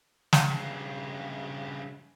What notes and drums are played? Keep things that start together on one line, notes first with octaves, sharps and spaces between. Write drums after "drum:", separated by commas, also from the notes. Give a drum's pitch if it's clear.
drum: snare
G2 C#3